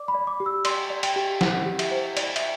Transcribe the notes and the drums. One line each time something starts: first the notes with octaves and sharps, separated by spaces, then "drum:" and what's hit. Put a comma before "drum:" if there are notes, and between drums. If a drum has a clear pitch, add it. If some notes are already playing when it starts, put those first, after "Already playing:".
Already playing: D5 D6
B5
D5
D6
G4
E6
D5 C6, drum: cymbal
D5
G5, drum: cymbal
G4
E4 F#5, drum: snare
G4
E5, drum: cymbal
C5
D5, drum: cymbal
E5, drum: cymbal